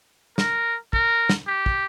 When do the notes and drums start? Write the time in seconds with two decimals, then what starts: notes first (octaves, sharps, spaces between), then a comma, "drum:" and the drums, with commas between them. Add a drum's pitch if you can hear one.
0.38 A#4, drum: snare
0.93 A#4, drum: kick
1.29 drum: snare
1.47 G4
1.66 drum: kick